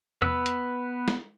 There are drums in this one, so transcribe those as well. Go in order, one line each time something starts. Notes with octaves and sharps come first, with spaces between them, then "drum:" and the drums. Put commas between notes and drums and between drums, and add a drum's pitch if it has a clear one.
B3 B4 E6, drum: tom E2
drum: hi-hat
drum: snare